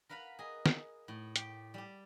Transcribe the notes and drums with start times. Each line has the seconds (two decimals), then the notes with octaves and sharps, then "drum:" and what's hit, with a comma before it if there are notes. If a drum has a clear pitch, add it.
0.09 A#4 B4 F5 F#5 A#5 B5
0.39 G#4 D#5
0.66 drum: snare
1.08 A2
1.36 G4 G5, drum: hi-hat
1.74 G3 G4